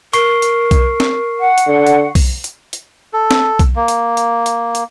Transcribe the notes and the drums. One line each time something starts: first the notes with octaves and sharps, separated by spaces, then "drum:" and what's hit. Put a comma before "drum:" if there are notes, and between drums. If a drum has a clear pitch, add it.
A#4 C#6 C7, drum: hi-hat
drum: hi-hat
drum: kick B1, hi-hat
drum: snare C4
F#5
drum: hi-hat
D3
drum: hi-hat
drum: kick B1, open hi-hat
drum: hi-hat
drum: hi-hat
A4
drum: snare C4
drum: kick B1, hi-hat
A#3
drum: hi-hat
drum: hi-hat
drum: hi-hat
drum: hi-hat